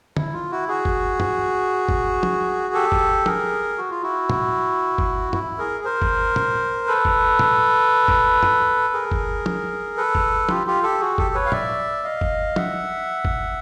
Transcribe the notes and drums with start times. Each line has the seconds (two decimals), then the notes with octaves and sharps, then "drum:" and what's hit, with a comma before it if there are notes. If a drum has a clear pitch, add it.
0.17 E4, drum: tom
0.33 F4
0.51 E4 F#4
0.68 F#4 G#4
0.85 drum: kick F#1
1.20 drum: tom
1.89 drum: kick F#1
2.23 drum: tom
2.74 G4 A4
2.92 drum: kick F#1
3.26 G#4 A#4, drum: tom
3.78 F#4
3.90 F4
4.02 E4 F#4
4.30 drum: tom
4.98 drum: kick F#1
5.33 E4, drum: tom
5.58 G#4 A#4
5.84 A#4 C5
6.02 drum: kick F#1
6.36 drum: tom
6.87 A4 B4
7.05 drum: kick F#1
7.39 drum: tom
8.08 drum: kick F#1
8.43 drum: tom
8.94 G#4 A#4
9.11 drum: kick F#1
9.46 drum: tom
9.97 A4 B4
10.15 drum: kick F#1
10.49 F4 G4, drum: tom
10.67 F4 G4
10.83 G4 A4
11.00 F#4 G#4
11.18 G4 A4, drum: kick F#1
11.35 B4 C#5
11.46 F5
11.52 D5 E5, drum: tom
12.04 D#5 F5
12.21 drum: kick F#1
12.56 E5 F#5, drum: tom
13.25 drum: kick F#1